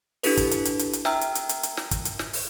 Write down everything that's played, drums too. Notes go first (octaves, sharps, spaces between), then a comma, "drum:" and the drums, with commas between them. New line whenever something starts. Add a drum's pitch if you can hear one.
D4 E4 G4 A4 B4, drum: open hi-hat
drum: kick, hi-hat
drum: hi-hat
drum: hi-hat
drum: hi-hat
drum: hi-hat
E5 G5 A#5 E6 F6, drum: snare
drum: hi-hat
drum: hi-hat
drum: hi-hat
drum: hi-hat
drum: snare
drum: kick, hi-hat
drum: hi-hat
drum: snare
drum: open hi-hat